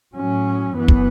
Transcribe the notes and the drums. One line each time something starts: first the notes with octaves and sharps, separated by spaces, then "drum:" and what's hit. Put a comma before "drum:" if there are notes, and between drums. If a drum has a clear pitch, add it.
A2 F#3 C#4
F#2 E3 B3
drum: kick